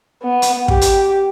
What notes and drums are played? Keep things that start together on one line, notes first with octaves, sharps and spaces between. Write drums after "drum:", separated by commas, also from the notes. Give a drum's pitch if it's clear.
B3
drum: hi-hat
G4, drum: kick
drum: hi-hat